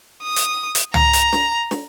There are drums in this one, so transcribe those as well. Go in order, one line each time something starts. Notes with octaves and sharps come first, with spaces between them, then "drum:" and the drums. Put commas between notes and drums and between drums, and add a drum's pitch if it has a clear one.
D#6
drum: hi-hat
drum: hi-hat
A#5, drum: tom
drum: hi-hat
drum: snare
drum: snare